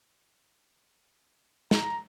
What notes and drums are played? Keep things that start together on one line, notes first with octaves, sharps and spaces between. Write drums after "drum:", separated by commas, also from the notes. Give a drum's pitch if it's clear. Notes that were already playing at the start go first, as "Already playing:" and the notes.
A#5, drum: snare